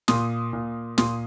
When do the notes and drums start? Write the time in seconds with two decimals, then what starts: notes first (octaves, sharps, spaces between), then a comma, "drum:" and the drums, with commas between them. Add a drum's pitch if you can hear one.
0.08 A#2 C6 D#6, drum: snare
0.53 A#2
0.98 A#2 C6 D#6, drum: snare